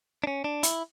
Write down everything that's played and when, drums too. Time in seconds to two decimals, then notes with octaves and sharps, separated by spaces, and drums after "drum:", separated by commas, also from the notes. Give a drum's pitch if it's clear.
0.24 D4
0.27 C#4
0.44 D4
0.63 E4, drum: hi-hat